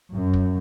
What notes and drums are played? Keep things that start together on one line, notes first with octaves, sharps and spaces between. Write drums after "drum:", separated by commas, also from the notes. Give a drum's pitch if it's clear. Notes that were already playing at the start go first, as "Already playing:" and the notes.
F#2
drum: kick